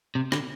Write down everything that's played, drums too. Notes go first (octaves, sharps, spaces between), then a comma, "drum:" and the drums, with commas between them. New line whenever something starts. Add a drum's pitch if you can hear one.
C3
D3, drum: rim click